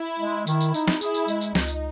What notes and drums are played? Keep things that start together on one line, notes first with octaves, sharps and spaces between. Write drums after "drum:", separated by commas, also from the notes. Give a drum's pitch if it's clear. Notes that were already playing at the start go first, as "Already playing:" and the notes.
Already playing: E4
G#3
D#3 E4, drum: tambourine
drum: tambourine
D#4, drum: tambourine
drum: snare
E4 G#4, drum: tambourine
drum: tambourine
G#3, drum: tambourine
drum: tambourine
C#2 D#4, drum: snare
drum: tambourine